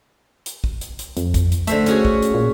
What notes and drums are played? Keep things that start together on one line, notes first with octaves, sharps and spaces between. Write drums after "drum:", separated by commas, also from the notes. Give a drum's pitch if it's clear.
drum: hi-hat
drum: kick
drum: hi-hat
drum: hi-hat
F2, drum: hi-hat
drum: kick, hi-hat
drum: hi-hat
D3 A3 C5 E5, drum: hi-hat
C#4 F#4 G#4, drum: hi-hat
drum: kick
drum: hi-hat
A#2